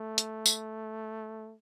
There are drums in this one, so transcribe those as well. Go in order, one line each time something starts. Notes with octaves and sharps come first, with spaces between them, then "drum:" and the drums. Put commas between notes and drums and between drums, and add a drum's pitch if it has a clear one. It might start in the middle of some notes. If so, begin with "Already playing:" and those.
Already playing: A3
drum: hi-hat
drum: tambourine